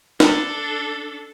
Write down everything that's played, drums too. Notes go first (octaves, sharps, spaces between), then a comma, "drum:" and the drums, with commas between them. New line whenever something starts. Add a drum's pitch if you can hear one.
D4 A4, drum: snare